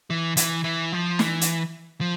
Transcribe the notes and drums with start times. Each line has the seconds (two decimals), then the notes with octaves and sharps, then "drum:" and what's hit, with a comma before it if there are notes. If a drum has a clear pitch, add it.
0.10 E3
0.37 E3, drum: hi-hat
0.64 E3
0.93 F3
1.19 E3, drum: snare
1.41 drum: hi-hat
2.01 F3